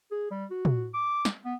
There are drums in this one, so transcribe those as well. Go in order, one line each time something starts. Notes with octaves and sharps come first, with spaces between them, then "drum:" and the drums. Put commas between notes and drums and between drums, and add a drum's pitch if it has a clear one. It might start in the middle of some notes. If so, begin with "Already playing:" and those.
G#4
G3
F#4
drum: tom
D6
drum: snare
B3